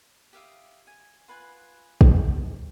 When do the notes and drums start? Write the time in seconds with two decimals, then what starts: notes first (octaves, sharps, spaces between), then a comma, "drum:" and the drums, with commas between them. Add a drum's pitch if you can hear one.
0.33 G4 E5 F5 D#6
0.87 G#5
1.28 F4 B4 F#5 G#5
2.01 drum: kick